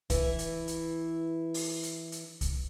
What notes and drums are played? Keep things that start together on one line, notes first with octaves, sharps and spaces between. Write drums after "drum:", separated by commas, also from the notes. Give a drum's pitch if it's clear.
E3 E4, drum: kick C2, hi-hat
drum: hi-hat
drum: hi-hat
drum: open hi-hat
drum: hi-hat
drum: hi-hat
drum: kick C2, hi-hat